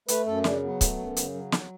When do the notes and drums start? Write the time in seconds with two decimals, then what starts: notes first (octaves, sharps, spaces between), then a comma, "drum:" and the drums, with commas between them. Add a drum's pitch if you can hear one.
0.08 A3 B4, drum: hi-hat
0.26 F#2 A4
0.44 C#3 D4, drum: snare
0.63 F#3 B3
0.81 A3, drum: kick C#1, hi-hat
0.98 F#2
1.16 C#3, drum: hi-hat
1.34 F#3
1.52 drum: snare